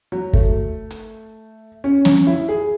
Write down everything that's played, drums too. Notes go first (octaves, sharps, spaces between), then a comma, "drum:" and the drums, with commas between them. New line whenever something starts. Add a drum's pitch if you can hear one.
F#3
A3, drum: kick
drum: hi-hat
C#4
C#4, drum: snare
E4
G#4